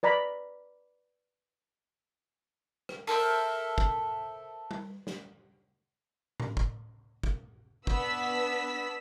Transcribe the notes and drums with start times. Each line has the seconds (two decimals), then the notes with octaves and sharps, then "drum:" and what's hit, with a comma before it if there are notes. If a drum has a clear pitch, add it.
0.03 B4 D5 A#5 B5
2.89 drum: rim click
3.07 A4 A#4 C5 E5, drum: open hi-hat
3.78 drum: kick
4.71 drum: tom
5.07 drum: snare
6.40 drum: tom A2
6.57 drum: kick
7.23 drum: kick
7.87 B3 D4 E6 B6, drum: kick